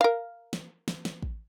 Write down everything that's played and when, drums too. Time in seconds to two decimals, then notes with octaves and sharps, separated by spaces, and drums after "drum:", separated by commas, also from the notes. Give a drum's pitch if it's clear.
0.01 A#4 F5
0.53 drum: snare
0.88 drum: snare
1.05 drum: snare
1.23 drum: kick A1